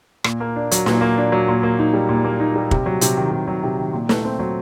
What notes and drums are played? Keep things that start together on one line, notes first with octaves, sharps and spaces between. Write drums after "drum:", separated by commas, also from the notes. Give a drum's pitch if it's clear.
A#2, drum: rim click
A#3
D4
F#3, drum: hi-hat
A#2, drum: snare
A#3
D4
F#3
A#2
A#3
D#4
G3
A#2
A#3
D#4
G3
C3, drum: kick
F#3
C3, drum: hi-hat
D#3
C3
F#3
C3
D#3
A#2
A3, drum: snare
C4
F#3